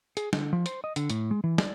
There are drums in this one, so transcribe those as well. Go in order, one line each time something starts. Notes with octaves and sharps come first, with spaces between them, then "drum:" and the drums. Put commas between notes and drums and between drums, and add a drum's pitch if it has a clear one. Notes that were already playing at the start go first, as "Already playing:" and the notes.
G#4, drum: hi-hat
D3, drum: snare
F3
C5, drum: hi-hat
D#5
D3, drum: hi-hat
A2, drum: hi-hat
G#3
E3
D5, drum: snare